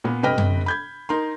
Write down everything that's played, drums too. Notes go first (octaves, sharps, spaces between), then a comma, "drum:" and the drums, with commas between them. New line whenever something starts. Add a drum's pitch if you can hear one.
A#2 B3
G1 C3 B4 D#5 G5 F6
drum: tom F#2
B5 G6 G#6
D#4 A#4 C6